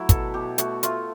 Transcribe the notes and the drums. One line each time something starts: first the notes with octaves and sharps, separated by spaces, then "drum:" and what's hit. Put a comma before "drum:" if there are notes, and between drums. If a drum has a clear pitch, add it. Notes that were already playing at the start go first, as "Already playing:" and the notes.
Already playing: F#3 A3 E4 F#4
B2 A4, drum: kick, hi-hat
B2 G4
A3 F#4, drum: hi-hat
A3 F4, drum: hi-hat